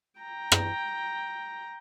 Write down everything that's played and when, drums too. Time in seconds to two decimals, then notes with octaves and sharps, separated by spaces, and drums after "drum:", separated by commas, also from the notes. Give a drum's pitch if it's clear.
0.20 G5 A#5
0.52 drum: rim click